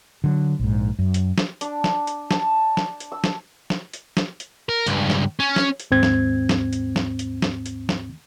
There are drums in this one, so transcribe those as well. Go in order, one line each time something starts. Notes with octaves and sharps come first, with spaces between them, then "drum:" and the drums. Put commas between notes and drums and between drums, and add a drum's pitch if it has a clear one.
D3 F#3
A#1 G#2
F#2
drum: hi-hat
drum: snare
D4, drum: hi-hat
drum: snare
drum: hi-hat
A5, drum: snare
drum: snare
drum: hi-hat
E6
drum: snare
drum: snare
drum: hi-hat
drum: snare
drum: hi-hat
A#4
C#2 G2, drum: hi-hat
drum: snare
C#4
drum: snare
drum: hi-hat
D#2 G#2 C4 G#6
drum: snare
drum: snare
drum: hi-hat
drum: snare
drum: hi-hat
drum: snare
drum: hi-hat
drum: snare